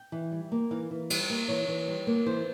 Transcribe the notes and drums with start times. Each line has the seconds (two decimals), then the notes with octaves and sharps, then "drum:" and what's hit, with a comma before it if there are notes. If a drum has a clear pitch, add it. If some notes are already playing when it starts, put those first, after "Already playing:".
Already playing: G5
0.12 E3
0.32 G3
0.52 A#3
0.71 E3 F5
0.91 E3
1.10 G3, drum: cymbal
1.30 A#3
1.48 E3 C#5
1.68 E3
1.88 G3
2.07 A#3
2.26 E3 C5